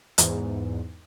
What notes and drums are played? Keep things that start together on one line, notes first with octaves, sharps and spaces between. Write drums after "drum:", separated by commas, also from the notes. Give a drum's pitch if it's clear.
E2 G#2, drum: hi-hat